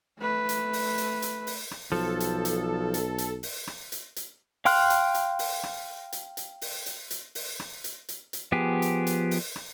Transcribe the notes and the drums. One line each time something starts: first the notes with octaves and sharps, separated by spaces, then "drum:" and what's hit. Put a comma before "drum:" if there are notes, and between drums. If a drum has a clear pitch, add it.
A3 B4
drum: hi-hat
drum: open hi-hat
drum: hi-hat
drum: hi-hat
drum: open hi-hat
drum: rim click
B1 F3 A4
drum: hi-hat
drum: hi-hat
drum: hi-hat
drum: hi-hat
drum: open hi-hat
drum: rim click
drum: hi-hat
drum: hi-hat
F5 G5 C6 F6 F#6, drum: open hi-hat
drum: hi-hat
drum: hi-hat
drum: open hi-hat
drum: rim click
drum: hi-hat
drum: hi-hat
drum: open hi-hat
drum: hi-hat
drum: hi-hat
drum: open hi-hat
drum: rim click
drum: hi-hat
drum: hi-hat
drum: hi-hat
F3 B3 G4 G#4
drum: hi-hat
drum: hi-hat
drum: open hi-hat
drum: rim click